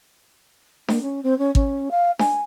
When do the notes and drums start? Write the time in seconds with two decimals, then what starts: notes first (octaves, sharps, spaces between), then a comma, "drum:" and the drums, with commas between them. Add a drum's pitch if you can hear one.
0.88 A#3, drum: snare D4
1.02 C#4
1.23 C4
1.39 C#4
1.55 C#4, drum: kick
1.91 F5
2.19 G#5, drum: snare D4